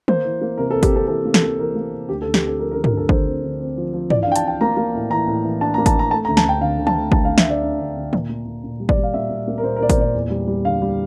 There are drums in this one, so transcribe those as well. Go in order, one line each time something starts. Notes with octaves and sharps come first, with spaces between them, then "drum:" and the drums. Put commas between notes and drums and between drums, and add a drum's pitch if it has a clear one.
A#3 C5, drum: tom
E3
A#3
C3 A#4
A4
C3
G4, drum: kick G#1, hi-hat
C3 A4
E3 A4
A#3
A4, drum: snare
A#3
E3 A#4
A#3
C3
D2 G4
A4
D2
G4, drum: snare
C4 A4
F3 A#4
A#4
D3
A#4, drum: tom
D2 A4
D3 C5, drum: kick G#1
C4
D3
C4
F3
F3
E3 D5, drum: tom
F5
D4 G5
A5, drum: hi-hat
D4 G5
A#3 A#5
A#3
A2
E3 A#5
A2
E3
D4 A5
A#5
A#3
A5, drum: kick G#1, hi-hat
D4 A#5
A3 A5
A#5
D2
A5, drum: snare
D2 G5
D3 F5
D3
A5, drum: tom
A3
D2 A5, drum: kick G#1
F5
D3
E5, drum: snare
D2 D5
D3
D2
D3
A#2, drum: tom
A#3
A#2
A#2
G3
D5, drum: kick G#1
G3
F5
A#2 E5
A#2
A#3
A#4
A#2 C5
A#4
A#2 D5
C5, drum: kick G#1, hi-hat
A#2 D5
E2
G3
G3
D3 F5
G3